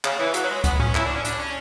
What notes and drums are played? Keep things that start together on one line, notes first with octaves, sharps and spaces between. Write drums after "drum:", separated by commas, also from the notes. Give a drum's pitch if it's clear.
C#3, drum: clap
E3
F#3, drum: hi-hat
F#3
G#3
B3, drum: kick C#2, hi-hat
C#4, drum: tom A2
E4, drum: clap
D4
C#4
D4, drum: hi-hat
C#4